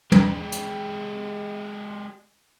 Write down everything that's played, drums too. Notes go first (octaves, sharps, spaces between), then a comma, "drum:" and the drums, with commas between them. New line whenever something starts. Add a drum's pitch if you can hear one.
G#3 G4, drum: tom
drum: hi-hat